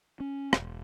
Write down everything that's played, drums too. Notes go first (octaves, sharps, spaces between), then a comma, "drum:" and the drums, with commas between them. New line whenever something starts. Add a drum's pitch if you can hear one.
C#4
E1, drum: rim click